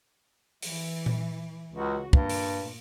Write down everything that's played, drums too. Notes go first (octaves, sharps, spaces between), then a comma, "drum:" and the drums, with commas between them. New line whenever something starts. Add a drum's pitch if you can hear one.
E3, drum: open hi-hat
drum: tom A#2
C#2 C#3 F#4
G2 A#2, drum: kick
drum: open hi-hat